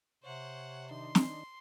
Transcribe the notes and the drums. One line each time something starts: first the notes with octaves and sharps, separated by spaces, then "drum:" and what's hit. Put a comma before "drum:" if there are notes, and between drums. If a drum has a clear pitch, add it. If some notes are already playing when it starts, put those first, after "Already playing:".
C3 C5 C#5 F#5
D#3 D4 D#4 C6
drum: snare